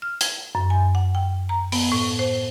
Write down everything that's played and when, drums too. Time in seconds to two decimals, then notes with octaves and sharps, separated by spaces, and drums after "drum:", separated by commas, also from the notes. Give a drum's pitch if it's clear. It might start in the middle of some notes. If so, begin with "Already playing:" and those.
0.02 F6
0.21 G#6, drum: hi-hat
0.55 F#2
0.70 G#5
0.95 F#5
1.15 G5
1.49 A#5
1.72 B3, drum: open hi-hat
1.92 A2
2.19 C5